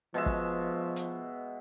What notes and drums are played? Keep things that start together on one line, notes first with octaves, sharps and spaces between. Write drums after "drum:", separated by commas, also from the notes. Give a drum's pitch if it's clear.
B2 F3 G#3 E5
drum: kick
drum: hi-hat